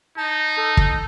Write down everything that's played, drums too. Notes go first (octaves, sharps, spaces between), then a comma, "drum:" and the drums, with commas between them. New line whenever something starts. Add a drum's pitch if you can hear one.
D#4 A5
A4
drum: kick